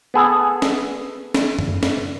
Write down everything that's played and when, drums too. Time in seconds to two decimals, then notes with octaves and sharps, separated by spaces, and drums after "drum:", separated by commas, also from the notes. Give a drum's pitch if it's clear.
0.14 B3 G#4 A4 G#5
0.62 drum: snare
1.34 drum: snare
1.59 drum: tom F#2
1.83 drum: snare